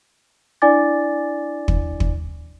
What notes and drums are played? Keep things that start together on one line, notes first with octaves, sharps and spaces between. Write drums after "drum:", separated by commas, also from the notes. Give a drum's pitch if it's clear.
D4 E4 D5 G#5 D6 A6
drum: kick
drum: kick